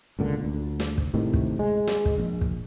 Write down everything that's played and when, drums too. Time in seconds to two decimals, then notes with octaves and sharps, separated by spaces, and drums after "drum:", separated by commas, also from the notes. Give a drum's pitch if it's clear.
0.19 C#2 A#2 D3
0.44 D2
0.80 drum: snare
0.98 drum: kick
1.14 A2 C3 D#3
1.34 drum: kick
1.59 G#3
1.87 drum: snare
2.05 drum: kick
2.18 A#1
2.41 drum: kick